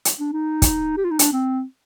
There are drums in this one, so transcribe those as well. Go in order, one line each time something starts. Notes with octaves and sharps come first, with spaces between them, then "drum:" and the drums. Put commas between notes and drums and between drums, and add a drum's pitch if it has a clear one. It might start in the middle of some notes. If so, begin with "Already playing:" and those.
drum: hi-hat
D4
D#4
drum: kick, hi-hat
G4
F4
D#4
D4, drum: hi-hat
C4